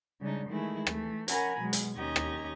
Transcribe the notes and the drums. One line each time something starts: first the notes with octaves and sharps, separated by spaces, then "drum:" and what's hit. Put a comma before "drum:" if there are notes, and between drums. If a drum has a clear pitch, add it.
C#3 G3 G#3 D4 D#4
D#3 E3 G#3 A3 E4 G#4
E3 A3, drum: rim click
C#4 A#4 F#5 G#5 A#5 B5, drum: hi-hat
B2 F#3 G#3
drum: hi-hat
D#2 C#4 G4 D#5 A#5 G#6
drum: rim click